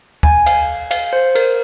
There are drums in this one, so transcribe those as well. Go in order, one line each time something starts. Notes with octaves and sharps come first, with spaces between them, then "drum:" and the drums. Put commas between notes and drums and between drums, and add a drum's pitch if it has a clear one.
G#5, drum: kick D2
F5, drum: cymbal
F5, drum: cymbal
C5
A#4, drum: cymbal